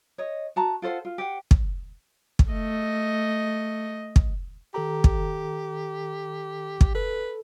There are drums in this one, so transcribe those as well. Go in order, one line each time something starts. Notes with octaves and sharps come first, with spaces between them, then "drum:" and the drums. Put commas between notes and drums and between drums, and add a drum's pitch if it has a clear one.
C#5 D#5
F#4 A5 A#5
F4 A4 C5 F#5
F4
G4 C5 F#5
drum: kick
drum: kick
A3 D#5
drum: kick
D#3 G4 A4 A#5
drum: kick
drum: kick
A4 B4